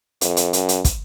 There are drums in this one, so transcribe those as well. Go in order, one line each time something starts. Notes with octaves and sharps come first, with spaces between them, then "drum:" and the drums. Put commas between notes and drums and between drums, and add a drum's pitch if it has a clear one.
F2, drum: hi-hat
drum: hi-hat
F#2, drum: hi-hat
drum: hi-hat
drum: kick, hi-hat